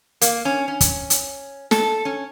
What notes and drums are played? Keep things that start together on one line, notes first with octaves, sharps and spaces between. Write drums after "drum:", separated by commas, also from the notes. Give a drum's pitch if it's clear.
A#3, drum: hi-hat
C#4
C#4
drum: kick, hi-hat
drum: hi-hat
A4, drum: snare
C#4